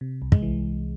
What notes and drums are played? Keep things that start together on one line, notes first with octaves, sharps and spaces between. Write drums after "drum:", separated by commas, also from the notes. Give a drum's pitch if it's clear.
C3
C2
G#3, drum: kick
E3